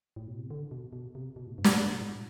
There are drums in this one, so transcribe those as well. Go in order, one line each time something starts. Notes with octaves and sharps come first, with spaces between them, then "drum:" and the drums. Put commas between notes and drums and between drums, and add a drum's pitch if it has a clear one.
A2
B2
C3
D3
B2
B2
C3
B2
A2
G2
C3, drum: snare
B2
G2
B2
A2